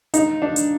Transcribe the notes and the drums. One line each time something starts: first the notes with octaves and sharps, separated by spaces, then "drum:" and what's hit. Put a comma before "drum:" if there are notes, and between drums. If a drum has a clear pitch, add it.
D#4, drum: hi-hat
D4
drum: hi-hat